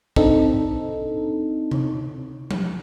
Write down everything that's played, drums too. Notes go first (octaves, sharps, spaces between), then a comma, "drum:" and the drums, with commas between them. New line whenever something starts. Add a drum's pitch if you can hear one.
C4 D4 D#4 A4, drum: kick
drum: tom C3
drum: tom F3